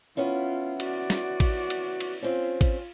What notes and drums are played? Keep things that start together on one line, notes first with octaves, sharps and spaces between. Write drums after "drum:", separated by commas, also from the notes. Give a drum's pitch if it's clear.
B3 C#4 E4 F4
F#4 D5, drum: cymbal
drum: snare
drum: kick A1, cymbal
drum: cymbal
drum: cymbal
C4 C#4 F4
drum: kick A1, cymbal